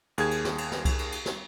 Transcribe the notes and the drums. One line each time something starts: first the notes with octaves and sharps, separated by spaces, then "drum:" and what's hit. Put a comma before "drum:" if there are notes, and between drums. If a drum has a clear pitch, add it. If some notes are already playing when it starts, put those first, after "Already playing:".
D#2 G#4 G#6, drum: cymbal
drum: cymbal
drum: snare
drum: cymbal
drum: snare
drum: kick C2, cymbal
drum: cymbal
drum: cymbal
drum: snare